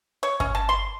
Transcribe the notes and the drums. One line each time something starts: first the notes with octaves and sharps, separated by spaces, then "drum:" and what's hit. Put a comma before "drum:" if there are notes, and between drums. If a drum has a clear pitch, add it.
C#5
C#4, drum: kick G1
A5
C6